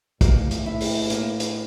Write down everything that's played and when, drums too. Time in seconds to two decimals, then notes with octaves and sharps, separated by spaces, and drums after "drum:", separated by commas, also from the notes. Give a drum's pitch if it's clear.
0.21 A2 A#3, drum: kick, hi-hat
0.51 drum: hi-hat
0.66 E4
0.81 drum: open hi-hat
1.10 A#3, drum: hi-hat
1.40 drum: hi-hat